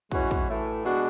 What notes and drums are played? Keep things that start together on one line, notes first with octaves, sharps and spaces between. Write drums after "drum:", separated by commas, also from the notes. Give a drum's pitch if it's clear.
E3 G#3 C#4 F#4, drum: kick
drum: kick
A2 E3 A3
B2 G#3 D4 F#4